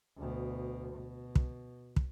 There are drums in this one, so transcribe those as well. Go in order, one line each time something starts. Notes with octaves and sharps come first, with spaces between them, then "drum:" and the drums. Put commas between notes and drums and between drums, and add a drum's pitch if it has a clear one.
D2 B2
B2
drum: kick
drum: kick